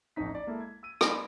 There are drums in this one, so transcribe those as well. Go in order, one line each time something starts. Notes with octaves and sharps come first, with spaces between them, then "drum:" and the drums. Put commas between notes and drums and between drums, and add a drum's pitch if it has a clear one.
A1 F2 A3 C#4 D#4 B6
D5
G#3 A#3 E4 A4
G#6
E6 D#7
D5 D#5 G#5 B5 C6, drum: rim click